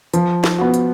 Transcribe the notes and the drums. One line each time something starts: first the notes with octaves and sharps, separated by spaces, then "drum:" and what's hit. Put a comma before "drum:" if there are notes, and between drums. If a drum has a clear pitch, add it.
F3, drum: hi-hat
drum: snare
B3 F#4
drum: hi-hat